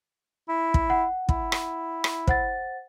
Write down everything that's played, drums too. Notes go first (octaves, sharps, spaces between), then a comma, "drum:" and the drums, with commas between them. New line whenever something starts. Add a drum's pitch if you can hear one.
E4
drum: kick
F#5
E4, drum: kick
drum: rim click
drum: rim click
C5 F#5 A6, drum: kick